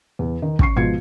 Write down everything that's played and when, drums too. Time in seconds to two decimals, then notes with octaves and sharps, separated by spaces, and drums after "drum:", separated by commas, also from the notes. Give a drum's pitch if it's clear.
0.19 E2
0.42 D#3
0.59 C#4 C#6 C7, drum: kick
0.76 G#2 B2 F3 G#6 C#7